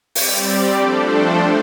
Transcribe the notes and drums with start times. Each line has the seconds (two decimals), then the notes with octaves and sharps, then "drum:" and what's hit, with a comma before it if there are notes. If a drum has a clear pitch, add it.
0.15 G3 C4 G4 D5, drum: open hi-hat
0.77 F3 A3 D4 A4 C5